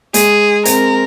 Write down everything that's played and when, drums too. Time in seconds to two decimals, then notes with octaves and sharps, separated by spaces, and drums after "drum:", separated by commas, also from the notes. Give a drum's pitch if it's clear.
0.14 G#3 G#4, drum: hi-hat
0.65 C4 A#4, drum: hi-hat